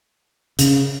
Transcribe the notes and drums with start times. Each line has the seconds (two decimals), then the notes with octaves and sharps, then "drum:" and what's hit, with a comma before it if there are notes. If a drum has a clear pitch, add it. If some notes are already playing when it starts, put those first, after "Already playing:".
0.59 C#3, drum: hi-hat